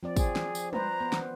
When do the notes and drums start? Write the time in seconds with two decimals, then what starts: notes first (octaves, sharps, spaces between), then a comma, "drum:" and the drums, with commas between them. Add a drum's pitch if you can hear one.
0.03 F3 C4 D5
0.17 G#4, drum: kick, tambourine
0.36 drum: snare
0.55 drum: tambourine
0.73 B4 C5 A#5, drum: tom G3
1.01 B3
1.13 drum: snare